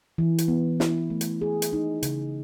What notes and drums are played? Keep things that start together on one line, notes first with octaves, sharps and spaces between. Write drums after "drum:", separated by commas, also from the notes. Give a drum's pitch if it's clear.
E3
drum: hi-hat
B3
E4, drum: snare
A3
drum: hi-hat
G#4
drum: hi-hat
D#4
C#3, drum: hi-hat